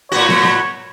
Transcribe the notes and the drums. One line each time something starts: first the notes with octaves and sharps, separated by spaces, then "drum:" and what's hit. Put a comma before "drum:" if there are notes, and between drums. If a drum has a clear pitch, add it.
A2 B3 F#4 C#5
drum: snare
drum: snare